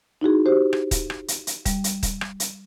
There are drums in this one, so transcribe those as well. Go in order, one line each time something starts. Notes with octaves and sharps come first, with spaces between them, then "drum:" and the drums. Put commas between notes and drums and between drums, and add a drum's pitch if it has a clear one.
D#4 E4 F#4 G#4
F#4 G4 C5
drum: rim click
drum: kick D#1, hi-hat
drum: rim click
drum: hi-hat
drum: hi-hat
G3, drum: kick D#1, hi-hat
drum: hi-hat
drum: kick D#1, hi-hat
drum: rim click
drum: hi-hat